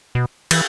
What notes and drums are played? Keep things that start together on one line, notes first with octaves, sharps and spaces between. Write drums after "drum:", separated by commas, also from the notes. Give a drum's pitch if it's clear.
B2
E3, drum: cymbal